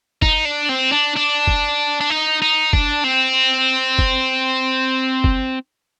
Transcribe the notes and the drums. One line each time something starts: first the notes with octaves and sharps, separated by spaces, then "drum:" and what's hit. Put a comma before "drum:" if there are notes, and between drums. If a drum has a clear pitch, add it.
D#4, drum: kick
D4
C4
D4
D4
drum: kick
D4
D#4
D#4
D4, drum: kick
C4
drum: kick
drum: kick